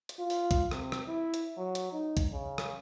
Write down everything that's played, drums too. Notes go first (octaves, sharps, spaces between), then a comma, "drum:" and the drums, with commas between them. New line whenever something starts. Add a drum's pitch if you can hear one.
drum: hi-hat
F4
drum: open hi-hat
drum: kick, hi-hat
C3, drum: rim click
drum: rim click
E4
drum: hi-hat
F#3
drum: hi-hat
D#4
drum: kick, hi-hat
C#3
drum: rim click